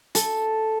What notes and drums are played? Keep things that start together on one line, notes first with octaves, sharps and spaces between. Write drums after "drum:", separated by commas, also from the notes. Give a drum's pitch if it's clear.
A4, drum: hi-hat